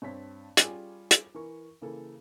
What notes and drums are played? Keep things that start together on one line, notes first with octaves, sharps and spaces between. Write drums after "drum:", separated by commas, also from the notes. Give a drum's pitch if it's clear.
G2 C4 C#5 A5 B6
G3 C#4 F4 G#4, drum: hi-hat
drum: hi-hat
E3 A#4 C#6
C#3 E3 A#3 A4